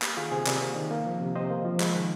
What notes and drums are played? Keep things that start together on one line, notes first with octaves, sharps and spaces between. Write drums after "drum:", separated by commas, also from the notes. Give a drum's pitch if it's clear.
A#3 G4, drum: clap
D#3 F4 G#4
C3 G#4 C5
C3 A#4 D5, drum: clap
A#3
D#3
A#3
F3
C3
C3 C5 D#5
A#3
F3
G#3, drum: clap
D#3